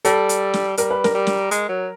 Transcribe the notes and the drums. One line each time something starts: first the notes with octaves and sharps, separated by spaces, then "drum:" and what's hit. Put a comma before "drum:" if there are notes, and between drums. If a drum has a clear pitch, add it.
G3 A4, drum: hi-hat
drum: hi-hat
drum: snare
G3 A#4, drum: hi-hat
B4
A#4, drum: snare
G3
drum: snare
G#3, drum: hi-hat
F#3